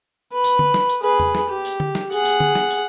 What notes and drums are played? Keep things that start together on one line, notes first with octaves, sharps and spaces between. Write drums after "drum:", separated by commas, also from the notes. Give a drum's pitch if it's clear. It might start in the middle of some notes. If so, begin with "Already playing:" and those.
B4
drum: tambourine
drum: tom D3
drum: snare
drum: tambourine
G#4 B4
drum: tom E2
drum: snare
G4
drum: tambourine
drum: tom D3
drum: snare
G#4 F#5, drum: tambourine
drum: tambourine
drum: tom D3
drum: snare
drum: tambourine